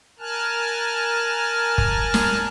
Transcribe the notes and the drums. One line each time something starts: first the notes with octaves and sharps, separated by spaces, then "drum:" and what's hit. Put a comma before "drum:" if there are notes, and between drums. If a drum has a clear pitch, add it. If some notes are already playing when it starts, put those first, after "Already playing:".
A#4 G#5 A5 F6 F#6
drum: kick
drum: snare